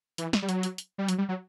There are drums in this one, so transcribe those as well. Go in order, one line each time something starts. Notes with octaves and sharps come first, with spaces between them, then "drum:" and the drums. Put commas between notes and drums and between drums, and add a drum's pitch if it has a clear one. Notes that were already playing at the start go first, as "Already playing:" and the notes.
E3, drum: hi-hat
drum: snare
G3
F#3, drum: hi-hat
drum: hi-hat
drum: hi-hat
G3
F#3, drum: hi-hat
G3
F#3